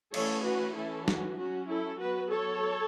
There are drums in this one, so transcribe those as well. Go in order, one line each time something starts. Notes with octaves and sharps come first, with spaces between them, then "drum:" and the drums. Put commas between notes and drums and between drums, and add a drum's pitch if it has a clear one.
E3 A3 C#4 A4 C#5, drum: cymbal
F#4 B4
E3 C#4 E4 A4
F#4, drum: snare
F#3 C#4 F#4
E4 A4
F#3 B3 F#4 B4
A4 C#5